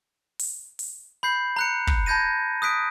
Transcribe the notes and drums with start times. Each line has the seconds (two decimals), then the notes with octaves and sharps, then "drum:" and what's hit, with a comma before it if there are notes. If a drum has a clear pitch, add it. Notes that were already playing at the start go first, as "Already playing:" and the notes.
0.39 drum: open hi-hat
0.79 drum: open hi-hat
1.23 B5 G6 C7
1.56 A#5 F#6 C#7
1.87 drum: kick
2.06 A5 B5 G6 G#6 A#6 D#7
2.62 D#6 F#6 B6 D7